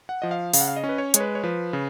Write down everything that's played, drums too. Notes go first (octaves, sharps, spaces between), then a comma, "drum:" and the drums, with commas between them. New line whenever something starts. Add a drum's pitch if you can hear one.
F#5
F3 D#5
F5
C#3 F5, drum: open hi-hat
F#5
F5
D#5
C#4
B4
C#5
G#3 C#5, drum: hi-hat
B4
C#5
F3 B4
C#3